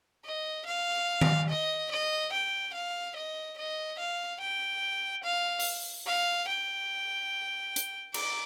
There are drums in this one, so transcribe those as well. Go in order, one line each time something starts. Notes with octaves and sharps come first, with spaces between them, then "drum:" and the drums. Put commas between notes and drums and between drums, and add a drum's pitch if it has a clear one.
D#5
F5
drum: tom D#3
D#5
D#5
G5
F5
D#5
D#5
F5
G5
F5
drum: open hi-hat
F5
G5
drum: hi-hat
D6, drum: cymbal